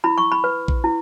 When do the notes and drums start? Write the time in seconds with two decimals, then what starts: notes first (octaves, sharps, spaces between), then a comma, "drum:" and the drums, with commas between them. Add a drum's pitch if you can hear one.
0.04 E4 B5
0.18 C#6
0.32 B5
0.44 B4
0.68 drum: kick A#1
0.84 E4